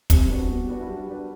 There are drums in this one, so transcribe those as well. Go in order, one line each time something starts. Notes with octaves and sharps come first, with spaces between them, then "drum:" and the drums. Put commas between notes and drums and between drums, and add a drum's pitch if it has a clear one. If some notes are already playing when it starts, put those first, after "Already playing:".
G3 C4, drum: kick, hi-hat
D4 F#4 B4
G3 B3
B3 D4 F#4 B4
E4
G3 D4
D4 F#4 B4